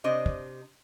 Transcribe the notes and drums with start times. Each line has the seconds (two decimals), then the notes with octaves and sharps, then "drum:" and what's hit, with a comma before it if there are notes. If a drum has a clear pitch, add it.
0.04 C3 D4 C5 D#5
0.26 drum: kick